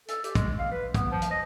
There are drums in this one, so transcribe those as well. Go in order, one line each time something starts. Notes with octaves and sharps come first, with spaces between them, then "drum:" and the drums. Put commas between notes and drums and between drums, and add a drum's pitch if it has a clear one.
A4, drum: hi-hat
G4, drum: hi-hat
G#3, drum: kick, hi-hat
F5
B4
B3, drum: kick, hi-hat
F3
drum: hi-hat
D#5